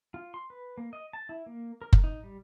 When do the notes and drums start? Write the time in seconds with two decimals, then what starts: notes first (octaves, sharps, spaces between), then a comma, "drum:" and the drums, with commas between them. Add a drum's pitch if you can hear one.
0.14 F4
0.34 C6
0.50 B4
0.78 A#3
0.93 D#5
1.13 A5
1.29 E4
1.46 A#3
1.82 A#4
1.93 drum: kick F#1
2.04 D#4
2.23 G3